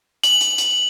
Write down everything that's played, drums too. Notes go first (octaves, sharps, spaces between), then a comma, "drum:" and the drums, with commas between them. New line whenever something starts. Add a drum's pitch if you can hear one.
F#7, drum: hi-hat
drum: hi-hat
drum: hi-hat